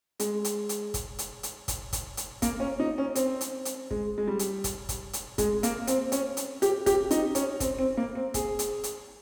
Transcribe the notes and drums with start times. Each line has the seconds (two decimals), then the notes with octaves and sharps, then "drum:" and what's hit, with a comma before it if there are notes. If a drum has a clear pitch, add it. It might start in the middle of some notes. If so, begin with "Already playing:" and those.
0.20 G#3, drum: hi-hat
0.45 drum: hi-hat
0.69 drum: hi-hat
0.94 drum: kick, hi-hat
1.19 drum: hi-hat
1.43 drum: hi-hat
1.68 drum: kick, hi-hat
1.93 drum: kick, hi-hat
2.17 drum: hi-hat
2.42 A#3, drum: kick, hi-hat
2.60 C#4
2.80 D#4
2.98 C#4
3.15 C4, drum: hi-hat
3.41 drum: hi-hat
3.65 drum: hi-hat
3.91 G#3, drum: kick
4.18 G#3
4.27 G3
4.39 drum: hi-hat
4.64 drum: kick, hi-hat
4.89 drum: kick, hi-hat
5.13 drum: hi-hat
5.38 G#3, drum: kick, hi-hat
5.63 A#3, drum: hi-hat
5.87 C4, drum: hi-hat
6.12 C#4, drum: hi-hat
6.37 drum: hi-hat
6.62 G4, drum: hi-hat
6.86 G4, drum: kick, hi-hat
7.11 D#4, drum: hi-hat
7.35 C#4, drum: hi-hat
7.60 C4, drum: kick, hi-hat
7.78 C4
7.97 A#3
8.15 C4
8.34 G#4, drum: kick, hi-hat
8.59 drum: hi-hat
8.84 drum: hi-hat